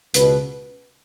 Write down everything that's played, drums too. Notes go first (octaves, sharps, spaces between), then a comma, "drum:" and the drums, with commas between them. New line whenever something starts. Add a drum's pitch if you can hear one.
C#2 B2 B4, drum: hi-hat